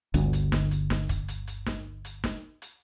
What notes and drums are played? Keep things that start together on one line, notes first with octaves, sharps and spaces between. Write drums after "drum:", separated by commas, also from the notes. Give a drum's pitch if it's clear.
G1 D2, drum: hi-hat
drum: hi-hat
drum: snare
drum: hi-hat
drum: snare
drum: kick, hi-hat
drum: hi-hat
drum: hi-hat
drum: snare
drum: hi-hat
drum: snare
drum: hi-hat